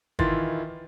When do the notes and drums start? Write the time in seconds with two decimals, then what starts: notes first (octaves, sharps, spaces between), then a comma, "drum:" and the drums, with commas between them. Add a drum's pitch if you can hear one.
0.19 D#3 E3 E4 F4 C6 A6, drum: kick G1